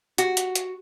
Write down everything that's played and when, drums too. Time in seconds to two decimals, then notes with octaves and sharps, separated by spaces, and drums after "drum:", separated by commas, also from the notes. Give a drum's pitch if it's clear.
0.18 F#4, drum: hi-hat
0.37 drum: hi-hat
0.55 drum: hi-hat